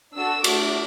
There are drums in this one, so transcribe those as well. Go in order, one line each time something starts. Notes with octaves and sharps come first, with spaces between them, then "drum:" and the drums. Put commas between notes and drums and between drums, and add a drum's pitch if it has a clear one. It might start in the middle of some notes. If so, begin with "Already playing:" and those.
D4 F#4 A4 E6
A3 D4 F#4 A4 D6, drum: cymbal